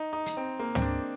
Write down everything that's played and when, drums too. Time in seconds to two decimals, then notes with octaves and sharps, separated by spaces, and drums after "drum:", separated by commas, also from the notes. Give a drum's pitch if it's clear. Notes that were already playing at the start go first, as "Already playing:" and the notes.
Already playing: D#4
0.13 D#4
0.26 drum: hi-hat
0.37 C4
0.59 A#3
0.75 C4, drum: tom
0.82 D4